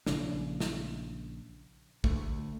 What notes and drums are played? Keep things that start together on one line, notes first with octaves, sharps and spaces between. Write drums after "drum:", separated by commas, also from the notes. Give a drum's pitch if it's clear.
A#1 C#3 D4, drum: snare
drum: snare
D2 A3, drum: kick